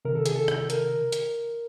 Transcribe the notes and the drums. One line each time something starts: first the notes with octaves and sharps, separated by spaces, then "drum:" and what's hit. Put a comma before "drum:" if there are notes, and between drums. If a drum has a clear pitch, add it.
C3 D#3 A#4
A4
G#4, drum: hi-hat
A4
drum: rim click
A#4, drum: hi-hat
drum: hi-hat